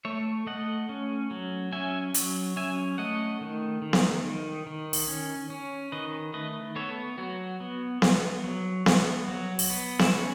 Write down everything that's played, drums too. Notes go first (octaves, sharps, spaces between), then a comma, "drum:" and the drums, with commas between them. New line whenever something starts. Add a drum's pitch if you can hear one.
A3 C#5 E5
A3 D#5 F#5
C#4
F#3
C#4 E5 G#5
F#3, drum: hi-hat
C#4 E5 G#5
A3 D#5 F#5
D#3
D#3
drum: snare B3
D#3
D#3
drum: open hi-hat
C#4
C#4
D#3 B4 D#5
A3 B4 D#5
B3 A4 C#5
F#3 F#4
B3
B3, drum: snare B3
F#3
B3, drum: snare B3
F#3 F#4
drum: open hi-hat
B3
E4, drum: snare B3
C#4 F#4